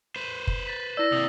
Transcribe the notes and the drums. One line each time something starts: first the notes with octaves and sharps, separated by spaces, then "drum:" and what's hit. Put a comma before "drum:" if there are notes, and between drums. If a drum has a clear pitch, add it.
B4 C5
drum: kick
A6 B6
E4 D5 E6 A#6
C3 A#3 D#6